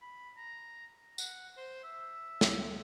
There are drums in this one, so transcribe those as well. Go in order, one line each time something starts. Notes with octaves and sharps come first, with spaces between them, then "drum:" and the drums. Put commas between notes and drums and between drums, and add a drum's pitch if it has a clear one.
B5
A#5
F#5, drum: tambourine
C5
E5
drum: snare